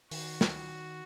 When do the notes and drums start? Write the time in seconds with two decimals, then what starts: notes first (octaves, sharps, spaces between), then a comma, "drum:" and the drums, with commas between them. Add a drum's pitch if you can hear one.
0.11 D#3 F#4, drum: open hi-hat
0.41 drum: snare